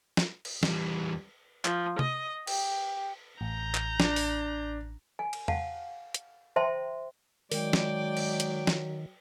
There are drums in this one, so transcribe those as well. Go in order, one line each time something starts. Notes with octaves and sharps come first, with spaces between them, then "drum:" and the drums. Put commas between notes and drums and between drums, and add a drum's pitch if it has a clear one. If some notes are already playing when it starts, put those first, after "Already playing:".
drum: snare
drum: cymbal
E2 G3, drum: snare
F3, drum: clap
D#5, drum: tom C3
G4, drum: cymbal
A1 A#5 G6
drum: clap
D4, drum: snare
drum: open hi-hat
G#5
drum: cymbal
F5 F#5 A5, drum: tom E2
drum: hi-hat
C5 E5 G5 A5 C6
D#3 F#3 G#3 D5 G5, drum: open hi-hat
drum: snare
drum: cymbal
drum: hi-hat
drum: snare